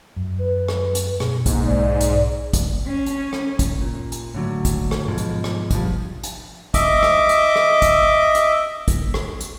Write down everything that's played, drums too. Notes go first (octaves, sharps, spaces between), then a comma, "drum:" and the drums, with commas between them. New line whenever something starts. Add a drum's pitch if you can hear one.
F#2
B4
drum: rim click
drum: hi-hat
B2 G#4, drum: rim click
B1 G#2 A#3, drum: kick, hi-hat
D5
drum: hi-hat
drum: kick, hi-hat
C#4
drum: hi-hat
drum: rim click
drum: kick, hi-hat
A#2
drum: hi-hat
A2 D3 F#3
drum: kick, hi-hat
drum: rim click
G#2 B2 F3 G#3
drum: hi-hat
drum: rim click
A1 G2 B2 F3, drum: kick, hi-hat
drum: hi-hat
D#5 E5 D6, drum: kick, hi-hat
drum: rim click
drum: hi-hat
drum: rim click
drum: kick, hi-hat
drum: hi-hat
drum: kick, hi-hat
drum: rim click
drum: hi-hat